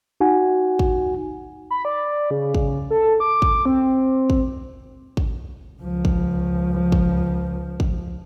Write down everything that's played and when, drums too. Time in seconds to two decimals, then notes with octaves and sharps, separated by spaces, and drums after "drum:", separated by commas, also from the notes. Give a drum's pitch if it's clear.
0.21 D#4 F#4 F#5 G#5
0.79 drum: kick
1.71 B5
1.85 D5
2.31 C#3
2.55 drum: kick
2.91 A4
3.20 D6
3.42 drum: kick
3.65 C4
4.30 drum: kick
5.17 drum: kick
5.82 C#2 F3
6.05 drum: kick
6.92 drum: kick
7.80 drum: kick